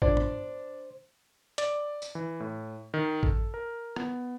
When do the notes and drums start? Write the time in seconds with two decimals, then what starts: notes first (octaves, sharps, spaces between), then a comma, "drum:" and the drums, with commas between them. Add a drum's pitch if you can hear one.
0.02 D4 C5, drum: kick A1
0.17 drum: tom
1.58 D5, drum: hi-hat
2.02 drum: tambourine
2.15 E3
2.40 A2
2.94 D#3
3.23 A4, drum: kick A1
3.54 A#4
3.96 B3, drum: rim click